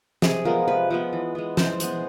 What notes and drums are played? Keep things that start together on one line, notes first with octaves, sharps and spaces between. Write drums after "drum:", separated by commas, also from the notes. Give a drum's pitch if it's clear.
C3 G#4, drum: snare
F3 G#3 B3 A#4
C3 B4
F3 G#3 B3
E3
G#3 B3
E3 C5, drum: snare
G#3 B3, drum: hi-hat